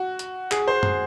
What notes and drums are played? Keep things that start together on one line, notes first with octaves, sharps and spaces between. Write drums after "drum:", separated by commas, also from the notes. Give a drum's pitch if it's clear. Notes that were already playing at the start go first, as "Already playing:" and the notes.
Already playing: F#4
drum: hi-hat
G#4, drum: clap
C5
drum: tom F#2